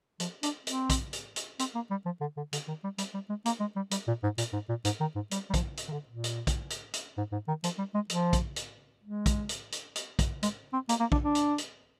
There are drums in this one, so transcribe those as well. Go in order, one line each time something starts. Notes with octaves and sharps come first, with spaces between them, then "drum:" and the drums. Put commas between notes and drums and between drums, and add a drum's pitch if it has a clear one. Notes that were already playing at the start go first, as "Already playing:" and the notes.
F3, drum: hi-hat
D4, drum: hi-hat
C4, drum: hi-hat
drum: kick, hi-hat
drum: hi-hat
drum: hi-hat
C4, drum: hi-hat
A#3
G3
F3
D3
D3
D3, drum: hi-hat
D#3
G3
G3, drum: hi-hat
G3
G#3
A#3, drum: hi-hat
G#3
G3
G3, drum: hi-hat
A#2
G#2
A#2, drum: hi-hat
G#2
A#2
G#2, drum: hi-hat
D#3
G#2
G3, drum: hi-hat
G3
F3, drum: kick, hi-hat
drum: hi-hat
D#3
D3
A#2
drum: hi-hat
drum: kick, hi-hat
drum: hi-hat
drum: hi-hat
G#2
G#2
D#3
F3, drum: hi-hat
G3
G#3
F3, drum: hi-hat
drum: kick, hi-hat
drum: hi-hat
G#3
drum: kick, hi-hat
drum: hi-hat
drum: hi-hat
drum: hi-hat
drum: kick, hi-hat
G#3, drum: hi-hat
C4
A#3, drum: hi-hat
A#3
D4, drum: kick
D4
drum: hi-hat
drum: hi-hat